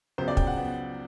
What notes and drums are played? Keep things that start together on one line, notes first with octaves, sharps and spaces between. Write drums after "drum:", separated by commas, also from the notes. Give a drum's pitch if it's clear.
C#2 C#3 F#3 B3 C5
D5
G5, drum: kick
F#5
B3